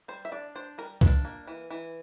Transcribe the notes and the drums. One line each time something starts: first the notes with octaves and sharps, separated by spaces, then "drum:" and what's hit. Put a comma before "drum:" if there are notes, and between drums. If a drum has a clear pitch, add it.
G3 C5
E5
D4 D5
D4 C5
G3 A#4
D4 F4, drum: kick C2
A#3
E3
E3